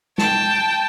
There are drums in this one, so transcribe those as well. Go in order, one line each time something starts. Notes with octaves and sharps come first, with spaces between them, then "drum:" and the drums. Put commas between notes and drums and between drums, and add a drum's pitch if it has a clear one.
G5 A5, drum: snare G#3